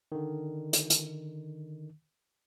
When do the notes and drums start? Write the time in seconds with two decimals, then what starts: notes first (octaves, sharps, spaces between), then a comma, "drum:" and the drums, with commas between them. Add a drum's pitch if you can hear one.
0.12 D3 D#3
0.73 drum: hi-hat
0.90 drum: hi-hat